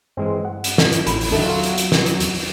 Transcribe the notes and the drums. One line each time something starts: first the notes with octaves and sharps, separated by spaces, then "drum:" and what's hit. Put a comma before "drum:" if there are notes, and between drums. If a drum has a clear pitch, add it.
G2 E3 G#3 C4
F#5
drum: hi-hat
drum: snare
drum: hi-hat
A1 A2 B5, drum: hi-hat
drum: open hi-hat
E2 D3 D#3 F#3 A4 E5
F4 F#5
drum: hi-hat
drum: hi-hat
drum: snare
drum: hi-hat
drum: hi-hat
drum: open hi-hat